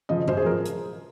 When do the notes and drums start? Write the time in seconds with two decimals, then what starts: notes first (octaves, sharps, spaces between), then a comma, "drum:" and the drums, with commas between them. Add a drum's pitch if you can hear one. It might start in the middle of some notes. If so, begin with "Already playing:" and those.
0.09 C#3 F3 D#5
0.28 F#2 C5, drum: tom G#2
0.37 G#4
0.46 F3 A#4
0.65 drum: hi-hat